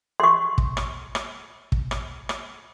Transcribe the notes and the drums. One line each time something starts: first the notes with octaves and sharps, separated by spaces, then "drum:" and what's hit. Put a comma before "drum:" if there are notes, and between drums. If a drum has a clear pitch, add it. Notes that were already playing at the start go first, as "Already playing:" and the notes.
C6 C#6
drum: kick
drum: rim click
drum: rim click
drum: kick
drum: rim click
drum: rim click